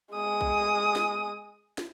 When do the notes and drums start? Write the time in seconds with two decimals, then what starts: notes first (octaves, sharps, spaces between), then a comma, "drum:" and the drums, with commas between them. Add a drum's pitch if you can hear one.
0.13 G#3 D#6
0.41 drum: kick A#1
0.96 drum: snare
1.78 drum: snare